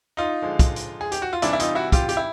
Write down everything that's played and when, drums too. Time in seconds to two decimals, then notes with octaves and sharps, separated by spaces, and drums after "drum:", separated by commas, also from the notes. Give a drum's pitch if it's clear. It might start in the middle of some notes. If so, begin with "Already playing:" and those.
0.17 D#4 F4
0.42 D3 F3 G#3
0.59 drum: kick, hi-hat
0.76 drum: hi-hat
1.01 G#4
1.12 G4, drum: hi-hat
1.22 F#4
1.33 F4
1.42 C3 E3 G3 D4 E4, drum: hi-hat
1.53 E4
1.60 D#4 F4, drum: hi-hat
1.75 E4 F#4
1.92 F4 G4, drum: kick, hi-hat
2.09 G4, drum: hi-hat
2.17 E4